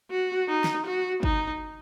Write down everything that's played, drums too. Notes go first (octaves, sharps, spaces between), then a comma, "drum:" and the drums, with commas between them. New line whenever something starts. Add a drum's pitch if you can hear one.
F#4
D#4
drum: snare
F#4
D#4, drum: kick G1